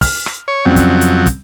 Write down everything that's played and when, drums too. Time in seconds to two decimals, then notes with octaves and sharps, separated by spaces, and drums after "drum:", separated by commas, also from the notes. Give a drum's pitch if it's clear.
0.01 F6, drum: kick, open hi-hat
0.26 drum: rim click
0.48 C#5
0.65 F2 C#3 F#3 G3 C4
0.76 drum: kick, hi-hat
1.01 drum: hi-hat
1.26 drum: kick, hi-hat